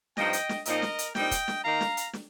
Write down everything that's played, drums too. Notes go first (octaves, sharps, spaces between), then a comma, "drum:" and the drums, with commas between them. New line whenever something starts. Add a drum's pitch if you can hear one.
G2 F3 C4 D#4 D#5 G5, drum: snare
drum: hi-hat
drum: snare
A#2 F3 C4 D#4 A#4 D#5, drum: hi-hat
drum: snare
drum: hi-hat
A#2 G3 C4 D#4 D#5 G5, drum: snare
drum: kick, hi-hat
drum: snare
D#3 A#3 D#4 F5 A#5
drum: snare
drum: hi-hat
drum: snare